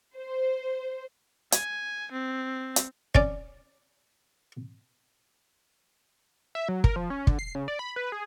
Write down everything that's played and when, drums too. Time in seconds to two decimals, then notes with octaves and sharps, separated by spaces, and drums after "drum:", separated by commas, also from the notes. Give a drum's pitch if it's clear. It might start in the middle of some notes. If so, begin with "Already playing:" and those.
0.16 C5
1.52 G#5, drum: hi-hat
2.12 C4
2.76 drum: hi-hat
3.15 C#4 D5, drum: kick
6.55 E5
6.68 F#3
6.84 A#4, drum: kick
6.96 F3
7.10 C#4
7.27 D3, drum: kick
7.39 C7
7.55 C#3
7.68 D5
7.79 B5
7.96 B4
8.12 G#4